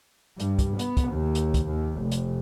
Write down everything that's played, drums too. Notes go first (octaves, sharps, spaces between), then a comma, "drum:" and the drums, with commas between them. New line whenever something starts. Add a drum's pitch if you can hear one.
G2, drum: hi-hat
drum: kick, hi-hat
B3, drum: hi-hat
drum: kick, hi-hat
D#2
drum: hi-hat
drum: kick, hi-hat
D#2
F1
drum: hi-hat